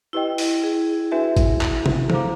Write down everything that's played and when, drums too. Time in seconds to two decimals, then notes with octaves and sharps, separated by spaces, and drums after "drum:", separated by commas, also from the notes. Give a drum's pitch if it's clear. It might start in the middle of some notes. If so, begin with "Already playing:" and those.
0.13 E4 G4 B4 D#5 G5
0.38 drum: open hi-hat
0.63 G#4
1.12 D4 F#4 B4 E5 G#5
1.37 drum: kick G#1, hi-hat
1.61 drum: clap
1.86 drum: tom C3
2.10 A4 C5 F5 A#5 D6, drum: tom E3